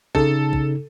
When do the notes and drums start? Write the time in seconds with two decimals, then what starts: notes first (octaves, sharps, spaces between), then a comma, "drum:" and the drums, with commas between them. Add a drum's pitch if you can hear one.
0.15 C#3 D#4 A4, drum: kick
0.53 drum: kick